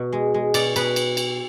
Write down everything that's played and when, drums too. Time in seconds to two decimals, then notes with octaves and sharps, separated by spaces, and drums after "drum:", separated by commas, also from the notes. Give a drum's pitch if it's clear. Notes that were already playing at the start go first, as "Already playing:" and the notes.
Already playing: B2
0.13 G#3
0.34 G#3
0.54 B2 D5, drum: cymbal
0.76 B2 B4, drum: cymbal
0.96 drum: cymbal
1.17 drum: cymbal